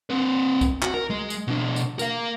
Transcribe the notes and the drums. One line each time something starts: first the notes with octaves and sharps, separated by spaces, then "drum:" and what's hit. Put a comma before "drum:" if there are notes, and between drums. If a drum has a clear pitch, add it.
C4 B4
drum: kick C2, tambourine
F#4, drum: clap
A#4
G#3
drum: tambourine
B2 D4
drum: tambourine
A#4 F5, drum: tambourine